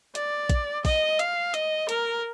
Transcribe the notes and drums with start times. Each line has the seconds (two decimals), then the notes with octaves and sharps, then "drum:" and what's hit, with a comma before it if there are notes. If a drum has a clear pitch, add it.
0.15 D5, drum: hi-hat
0.49 drum: kick, hi-hat
0.85 D#5, drum: kick, open hi-hat
1.19 F5, drum: hi-hat
1.54 D#5, drum: hi-hat
1.89 A#4, drum: hi-hat